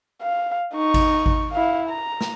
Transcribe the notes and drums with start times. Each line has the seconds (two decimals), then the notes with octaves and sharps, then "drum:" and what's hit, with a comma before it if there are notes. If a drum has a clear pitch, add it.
0.22 F5
0.74 D#4 C#6
0.94 drum: kick G#1, cymbal
1.26 drum: kick G#1
1.52 E4 F5
1.89 A#5
2.21 drum: snare